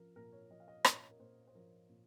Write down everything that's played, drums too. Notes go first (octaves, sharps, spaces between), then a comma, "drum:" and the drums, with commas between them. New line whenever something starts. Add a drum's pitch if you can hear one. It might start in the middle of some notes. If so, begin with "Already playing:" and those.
Already playing: F3 A#4
A#2 A#4
C#5
F3 D#5
F5
D#5
A#2 C#5, drum: rim click
A#4
A#2 C5
C5
F3 A#4
A#2